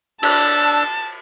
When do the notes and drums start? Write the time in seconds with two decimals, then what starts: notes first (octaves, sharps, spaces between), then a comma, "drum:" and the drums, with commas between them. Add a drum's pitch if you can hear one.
0.23 D4 A5 E6, drum: cymbal